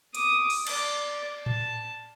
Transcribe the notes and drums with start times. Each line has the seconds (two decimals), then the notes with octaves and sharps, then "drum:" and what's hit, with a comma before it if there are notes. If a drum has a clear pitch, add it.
0.15 D6 D#6, drum: hi-hat
0.50 drum: open hi-hat
0.67 D5, drum: cymbal
1.46 A5, drum: tom A2